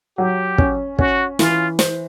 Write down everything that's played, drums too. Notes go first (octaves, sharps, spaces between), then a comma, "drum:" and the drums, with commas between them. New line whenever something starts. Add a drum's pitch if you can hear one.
F#3 G4
C#4, drum: kick
C#4 F#4, drum: kick
E3 F4, drum: snare
C5, drum: snare